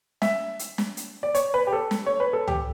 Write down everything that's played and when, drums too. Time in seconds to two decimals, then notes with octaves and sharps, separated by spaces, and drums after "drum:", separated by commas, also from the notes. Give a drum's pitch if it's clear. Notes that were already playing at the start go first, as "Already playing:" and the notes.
0.22 E5, drum: snare
0.59 drum: hi-hat
0.78 drum: snare
0.97 drum: hi-hat
1.23 D5
1.35 C#5, drum: hi-hat
1.54 B4
1.67 G4
1.73 A4
1.91 drum: snare
2.06 C#5
2.20 B4
2.33 A4
2.48 G4, drum: tom C#2